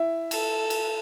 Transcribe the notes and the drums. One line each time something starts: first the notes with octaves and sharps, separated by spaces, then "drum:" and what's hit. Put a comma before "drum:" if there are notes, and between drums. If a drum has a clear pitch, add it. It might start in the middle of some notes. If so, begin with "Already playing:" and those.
Already playing: E4 E5
A4, drum: cymbal
drum: cymbal